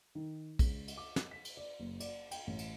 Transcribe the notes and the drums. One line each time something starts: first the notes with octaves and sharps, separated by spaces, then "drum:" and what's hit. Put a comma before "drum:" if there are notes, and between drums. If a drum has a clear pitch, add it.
D#3
C#2, drum: kick, cymbal
drum: cymbal
D6
drum: snare
B6
drum: cymbal
D5
F#1
D5, drum: cymbal
G5, drum: cymbal
A1
drum: cymbal